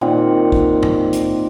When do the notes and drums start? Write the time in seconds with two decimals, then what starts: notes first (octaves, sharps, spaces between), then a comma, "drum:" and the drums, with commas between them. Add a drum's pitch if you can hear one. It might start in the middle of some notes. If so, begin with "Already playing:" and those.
0.01 A#2 D#3 C4 F#5
0.52 drum: kick B1
0.83 drum: tom G#2
1.13 drum: hi-hat